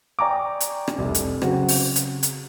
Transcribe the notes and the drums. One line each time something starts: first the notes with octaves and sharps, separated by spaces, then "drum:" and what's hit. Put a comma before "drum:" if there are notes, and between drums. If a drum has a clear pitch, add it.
D5 G5 G#5 A#5 C#6 D6
drum: hi-hat
drum: rim click
F1 C2
drum: hi-hat
C#3 F#3 C4 F#4, drum: rim click
drum: open hi-hat
drum: hi-hat
drum: hi-hat